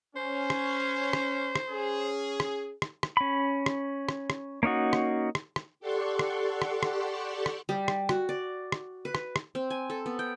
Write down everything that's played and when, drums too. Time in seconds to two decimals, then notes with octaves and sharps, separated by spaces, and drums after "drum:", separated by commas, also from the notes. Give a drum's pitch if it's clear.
0.16 C#4 C5
0.50 drum: rim click
1.13 drum: rim click
1.56 drum: rim click
1.70 C#4 G#4
2.40 drum: rim click
2.82 drum: rim click
3.03 drum: rim click
3.17 C#4 B5
3.66 drum: rim click
4.09 drum: rim click
4.30 drum: rim click
4.63 A#3 C#4 D#4 F#4
4.93 drum: rim click
5.35 drum: rim click
5.56 drum: rim click
5.80 G4 A4 D5 F#5 C6 C#6
6.19 drum: rim click
6.62 drum: rim click
6.83 drum: rim click
7.46 drum: rim click
7.69 G3
7.88 drum: rim click
8.09 F#4, drum: rim click
8.29 D5
8.72 drum: rim click
9.05 B4
9.15 drum: rim click
9.36 drum: rim click
9.55 C4
9.70 G#5
9.90 A4
10.06 B3
10.19 G5